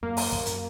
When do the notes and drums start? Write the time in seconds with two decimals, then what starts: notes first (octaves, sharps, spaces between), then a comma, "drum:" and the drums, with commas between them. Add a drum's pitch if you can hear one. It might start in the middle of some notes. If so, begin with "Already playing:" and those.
0.03 F#2 A#3
0.17 drum: open hi-hat
0.32 F#2, drum: kick
0.46 drum: hi-hat